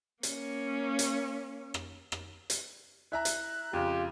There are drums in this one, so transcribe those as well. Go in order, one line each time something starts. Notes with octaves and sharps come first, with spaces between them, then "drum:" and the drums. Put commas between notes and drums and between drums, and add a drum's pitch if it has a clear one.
A#3 C#4, drum: hi-hat
drum: hi-hat
drum: rim click
drum: rim click
drum: hi-hat
E4 E5 A#5 F#6
drum: hi-hat
F2 C#3 F4 G4